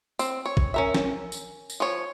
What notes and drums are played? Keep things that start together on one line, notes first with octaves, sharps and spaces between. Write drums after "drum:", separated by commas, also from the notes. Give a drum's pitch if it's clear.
C4, drum: tambourine
C#5
drum: kick A1
C#4 A#4 E5
drum: snare
drum: tambourine
drum: tambourine
F3 C#5